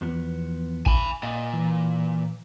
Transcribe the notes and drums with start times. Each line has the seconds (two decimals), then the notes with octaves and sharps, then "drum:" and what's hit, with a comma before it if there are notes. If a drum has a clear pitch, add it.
0.01 E2 F3 B3
0.86 G#5 B5, drum: kick A1
1.23 A#2 D#5
1.53 E3